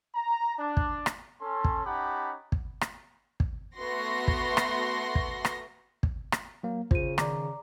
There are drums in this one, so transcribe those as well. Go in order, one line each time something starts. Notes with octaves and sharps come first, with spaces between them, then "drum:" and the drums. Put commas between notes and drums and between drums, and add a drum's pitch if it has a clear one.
A#5
D4
drum: kick
drum: rim click
C#4 A4 C6
drum: kick
C#4 D#4 G4 F#5 A5 B5
drum: kick
drum: rim click
drum: kick
A3 B3 F#4 C6 A#6
drum: kick
drum: rim click
drum: kick
drum: rim click
drum: kick
drum: rim click
F#3 A#3
C#3 F4 C5 D#7, drum: kick
D#3 D5 A#5 D6, drum: rim click